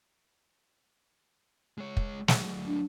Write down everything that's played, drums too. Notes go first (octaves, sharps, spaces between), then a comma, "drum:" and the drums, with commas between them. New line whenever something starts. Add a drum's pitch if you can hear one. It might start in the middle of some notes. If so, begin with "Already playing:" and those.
G#3 C#5
drum: kick
F#3 A3, drum: snare
D4